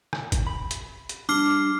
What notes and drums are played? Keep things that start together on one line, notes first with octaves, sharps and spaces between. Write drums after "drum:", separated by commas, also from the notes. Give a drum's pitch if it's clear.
drum: rim click
drum: kick, hi-hat
B5
drum: hi-hat
drum: hi-hat
G3 D4 D6 F6 C7